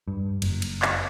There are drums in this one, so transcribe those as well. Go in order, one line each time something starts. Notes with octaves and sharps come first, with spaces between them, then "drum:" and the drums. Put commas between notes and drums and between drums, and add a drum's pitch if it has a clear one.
G2
F#1, drum: cymbal
drum: cymbal
drum: clap